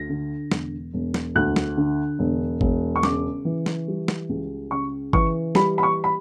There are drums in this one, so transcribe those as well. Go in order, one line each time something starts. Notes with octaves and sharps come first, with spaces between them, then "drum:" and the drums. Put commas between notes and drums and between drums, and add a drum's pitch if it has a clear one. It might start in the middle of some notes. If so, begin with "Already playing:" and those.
Already playing: D2 A#6
D3
E1, drum: snare
E1
drum: snare
D2 F#6
drum: snare
D3
E1
E1, drum: kick G#1
C#6
C#3 D6, drum: snare
E3
drum: snare
G3
drum: snare
C#2
C#3 C#6
E3 C#6, drum: kick G#1
G3 B5, drum: snare
B5
C#6
B5